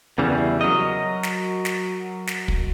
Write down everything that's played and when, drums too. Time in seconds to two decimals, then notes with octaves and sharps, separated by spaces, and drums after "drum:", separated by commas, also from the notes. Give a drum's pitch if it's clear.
0.18 E2 C#3 E3 G3
0.61 F#3 A#4 D#5
1.23 drum: snare
1.65 drum: snare
2.27 drum: snare
2.48 drum: kick